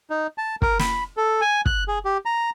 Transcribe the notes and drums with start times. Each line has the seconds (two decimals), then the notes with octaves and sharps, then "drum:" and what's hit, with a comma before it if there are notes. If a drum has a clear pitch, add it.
0.10 D#4
0.38 A5
0.62 A#4, drum: kick
0.79 B5, drum: snare
1.17 A4
1.41 G#5
1.66 F#6, drum: kick
1.88 G#4
2.05 G4
2.26 A#5